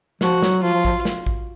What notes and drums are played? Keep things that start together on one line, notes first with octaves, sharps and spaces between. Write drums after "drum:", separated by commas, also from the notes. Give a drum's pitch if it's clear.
F3 F#4, drum: snare
F#3, drum: snare
F3 F4
F3
F3, drum: kick A1
drum: snare
drum: kick A1